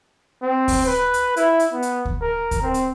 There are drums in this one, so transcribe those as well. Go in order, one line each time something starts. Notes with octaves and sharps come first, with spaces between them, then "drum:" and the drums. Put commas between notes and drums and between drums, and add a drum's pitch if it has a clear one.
C4
drum: kick D2, open hi-hat
B4
drum: hi-hat
E4, drum: hi-hat
drum: hi-hat
B3
drum: hi-hat
drum: kick D2
A#4
drum: kick D2, hi-hat
C4
drum: hi-hat